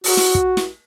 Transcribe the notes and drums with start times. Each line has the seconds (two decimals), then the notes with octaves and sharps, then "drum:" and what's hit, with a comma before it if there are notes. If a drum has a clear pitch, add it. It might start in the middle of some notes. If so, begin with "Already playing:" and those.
0.04 F#4, drum: open hi-hat
0.17 drum: snare
0.35 drum: kick
0.57 drum: snare